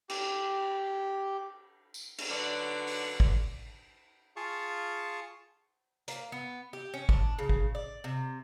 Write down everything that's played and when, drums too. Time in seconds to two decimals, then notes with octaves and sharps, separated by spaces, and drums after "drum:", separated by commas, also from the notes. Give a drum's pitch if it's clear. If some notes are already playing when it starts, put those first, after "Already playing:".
0.09 G4, drum: cymbal
1.94 drum: tambourine
2.18 drum: cymbal
2.30 D3 F#3 C#4 D4 B4 D5
2.87 drum: open hi-hat
3.20 drum: kick G#1
4.36 F4 G#4 F5 A5 C#6
6.08 A#3, drum: hi-hat
6.32 B3
6.73 G4
6.94 C#4
7.09 D4, drum: kick G#1
7.39 C#3
7.49 drum: kick G#1
7.75 D5
8.04 C3